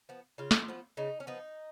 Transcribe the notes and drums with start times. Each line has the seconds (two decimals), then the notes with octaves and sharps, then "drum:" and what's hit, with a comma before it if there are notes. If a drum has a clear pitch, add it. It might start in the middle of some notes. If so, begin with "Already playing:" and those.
0.09 F3 B3
0.38 C#3 F4
0.51 drum: snare
0.68 F3 B3
0.97 C#3 D#4
1.20 C#4
1.27 F3 B3 D#4